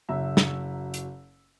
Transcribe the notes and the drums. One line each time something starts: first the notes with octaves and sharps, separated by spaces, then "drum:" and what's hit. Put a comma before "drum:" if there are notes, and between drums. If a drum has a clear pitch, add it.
F#1 F#3 F#4 E5 A#5 E6
drum: snare
drum: hi-hat